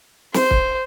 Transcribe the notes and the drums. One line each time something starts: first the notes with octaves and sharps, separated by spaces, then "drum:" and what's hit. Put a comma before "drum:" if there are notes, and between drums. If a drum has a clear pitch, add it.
C5, drum: snare
drum: kick